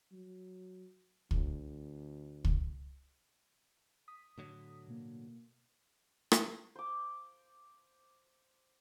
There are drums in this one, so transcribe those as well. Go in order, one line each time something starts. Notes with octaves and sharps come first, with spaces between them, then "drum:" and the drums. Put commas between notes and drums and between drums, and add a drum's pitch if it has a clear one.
F#3
D2, drum: kick
drum: kick
D#6 B6
A2 D3 F#3
B2 A#3
drum: rim click
C5 D6